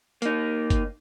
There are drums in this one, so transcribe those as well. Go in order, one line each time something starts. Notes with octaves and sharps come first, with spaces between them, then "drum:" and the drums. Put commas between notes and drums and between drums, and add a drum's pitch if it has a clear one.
A#3 D#4, drum: hi-hat
drum: kick G1, hi-hat